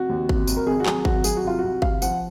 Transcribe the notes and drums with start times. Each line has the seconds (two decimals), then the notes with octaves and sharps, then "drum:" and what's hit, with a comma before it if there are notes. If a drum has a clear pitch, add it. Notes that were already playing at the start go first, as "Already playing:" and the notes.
Already playing: F1 F#4
0.09 D#2
0.29 F1, drum: kick G1
0.47 F1, drum: tambourine
0.57 A#4
0.67 G#1 G#4
0.80 F#4
0.86 F#3 G#4, drum: clap
1.05 G#1 F#4, drum: kick G1
1.24 F#3 G#4, drum: tambourine
1.37 F#4
1.44 C2 F4
1.59 C2 F#4
1.82 C2 F5, drum: kick G1
2.02 F3 F#5, drum: tambourine